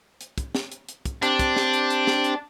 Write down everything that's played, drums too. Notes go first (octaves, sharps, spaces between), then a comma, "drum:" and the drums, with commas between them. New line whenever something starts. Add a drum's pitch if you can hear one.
drum: hi-hat
drum: kick, hi-hat
drum: snare
drum: hi-hat
drum: hi-hat
drum: kick, hi-hat
C4 D4 G4, drum: hi-hat
drum: kick, hi-hat
drum: snare
drum: hi-hat
drum: hi-hat
drum: snare
drum: hi-hat